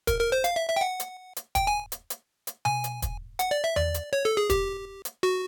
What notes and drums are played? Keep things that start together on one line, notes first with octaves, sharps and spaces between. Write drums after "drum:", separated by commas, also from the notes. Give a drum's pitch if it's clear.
A#4, drum: kick, hi-hat
A#4
C5
F5, drum: hi-hat
E5
E5
G5
F#5
drum: hi-hat
drum: hi-hat
G5, drum: kick, hi-hat
G#5
drum: hi-hat
drum: hi-hat
drum: hi-hat
G#5, drum: tom B2
drum: hi-hat
drum: kick, hi-hat
F#5, drum: hi-hat
D5
E5
D5, drum: tom E2
drum: hi-hat
C#5
A4
G#4
G4, drum: kick, hi-hat
drum: hi-hat
F#4